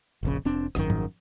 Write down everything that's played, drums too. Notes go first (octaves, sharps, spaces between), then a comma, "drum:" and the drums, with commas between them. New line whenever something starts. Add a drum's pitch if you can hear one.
F1 A#1 C#3
F1 C4 D4
G#1 F#2 C3 D#3, drum: rim click
drum: tom G#2